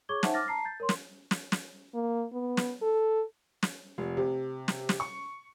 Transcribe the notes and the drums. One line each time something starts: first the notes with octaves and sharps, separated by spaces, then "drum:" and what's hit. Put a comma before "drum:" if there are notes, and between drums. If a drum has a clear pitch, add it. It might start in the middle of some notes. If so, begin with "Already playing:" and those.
G#4 C#5 C#6 D6 G#6 G7
D#4 C5 E5 F#5 A5, drum: snare
D6 F6 A6 A#6
A5 A#5 C7
G6 A6
A#4 C#5 C6
drum: snare
drum: snare
drum: snare
A#3
B3
drum: snare
A4
drum: snare
F1
C3
drum: snare
drum: snare
C#6